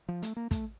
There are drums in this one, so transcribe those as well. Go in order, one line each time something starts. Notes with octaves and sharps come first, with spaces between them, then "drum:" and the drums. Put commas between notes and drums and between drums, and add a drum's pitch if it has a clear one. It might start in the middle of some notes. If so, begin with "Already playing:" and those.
F3
A3, drum: hi-hat
A#3
A3, drum: kick, hi-hat